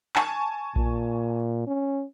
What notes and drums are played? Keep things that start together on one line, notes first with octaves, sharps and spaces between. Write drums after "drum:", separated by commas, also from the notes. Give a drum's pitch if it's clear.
G#5 A5 C#6, drum: clap
A#2, drum: kick A#1
C#4